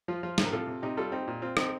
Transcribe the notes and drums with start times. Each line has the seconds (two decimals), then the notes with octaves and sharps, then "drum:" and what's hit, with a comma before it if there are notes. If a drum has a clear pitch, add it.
0.08 F3 F4
0.23 F3 F4
0.38 A2, drum: snare
0.45 A#4
0.52 C3 F4 A4
0.67 C3
0.82 C3 D#4 G4
0.97 G3 F4 A4
1.12 C4 D#4 G4
1.28 A#2
1.42 C4 F4
1.57 C4 D#4, drum: rim click